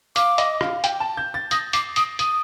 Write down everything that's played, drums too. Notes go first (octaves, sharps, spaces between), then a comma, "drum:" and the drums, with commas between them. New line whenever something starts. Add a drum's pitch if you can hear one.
F5 D6, drum: hi-hat
D#5, drum: hi-hat
F5, drum: rim click
G5, drum: hi-hat
A5
G6
A6
D#6 A#6, drum: hi-hat
D6 C7, drum: hi-hat
D#6 D7, drum: hi-hat
D#6 D#7, drum: hi-hat